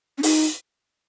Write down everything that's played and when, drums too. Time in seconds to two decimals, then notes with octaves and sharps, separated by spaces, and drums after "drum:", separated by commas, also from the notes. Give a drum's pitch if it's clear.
0.18 C#4
0.23 D#4, drum: open hi-hat